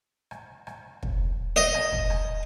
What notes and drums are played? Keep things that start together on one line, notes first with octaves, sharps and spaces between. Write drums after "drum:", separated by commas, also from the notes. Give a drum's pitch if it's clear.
drum: rim click
drum: rim click
drum: kick
D#5
drum: rim click
drum: kick
drum: rim click